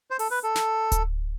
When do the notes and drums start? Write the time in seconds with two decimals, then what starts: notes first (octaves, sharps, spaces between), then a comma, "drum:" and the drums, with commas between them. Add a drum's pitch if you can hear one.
0.11 C5
0.19 A4, drum: open hi-hat
0.31 B4
0.43 A4
0.55 drum: snare
0.92 drum: kick D1, hi-hat